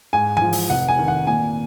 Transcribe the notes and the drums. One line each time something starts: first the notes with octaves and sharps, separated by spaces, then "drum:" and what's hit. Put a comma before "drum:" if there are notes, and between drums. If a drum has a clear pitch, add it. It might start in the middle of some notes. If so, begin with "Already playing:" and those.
G#2 G#5
F3 G#5, drum: tom E3
drum: open hi-hat
F1 F#5
G#5
D#3
F#5
A#2 G#5